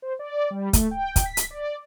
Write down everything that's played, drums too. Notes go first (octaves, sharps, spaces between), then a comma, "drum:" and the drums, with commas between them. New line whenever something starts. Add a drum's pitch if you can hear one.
C5
D5
G3
A3, drum: kick, hi-hat
G5
drum: kick, hi-hat
B6
drum: hi-hat
D5